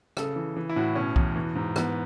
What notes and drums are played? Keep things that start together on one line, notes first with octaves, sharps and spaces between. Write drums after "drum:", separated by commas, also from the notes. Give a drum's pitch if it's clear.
C#3 A4, drum: rim click
E3
E3
E4
A2 F#4
B2 C#4
E2, drum: kick B1
E3
G#2
E3 B3, drum: rim click